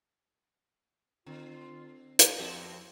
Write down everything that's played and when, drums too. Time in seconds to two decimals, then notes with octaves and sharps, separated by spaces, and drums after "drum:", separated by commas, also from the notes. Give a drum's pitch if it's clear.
1.26 D3 C4 F4
2.19 drum: hi-hat
2.38 F2 C4 F#4 G4 G5 A5